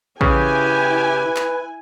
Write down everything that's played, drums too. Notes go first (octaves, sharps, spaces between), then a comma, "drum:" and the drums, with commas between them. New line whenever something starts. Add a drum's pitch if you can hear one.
C#3 E4 G4 B4 G#5, drum: kick
drum: clap